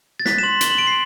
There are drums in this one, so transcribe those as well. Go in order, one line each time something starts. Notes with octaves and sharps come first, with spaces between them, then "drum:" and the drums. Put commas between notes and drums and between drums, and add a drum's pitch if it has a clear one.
A6
F#6 B6, drum: snare
E7
C6 F#7
C6 G7, drum: hi-hat
F#7
C6 D7
C7